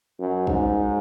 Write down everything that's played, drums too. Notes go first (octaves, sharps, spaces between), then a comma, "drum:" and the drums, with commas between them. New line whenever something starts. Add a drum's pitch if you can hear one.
F#2
G#2, drum: kick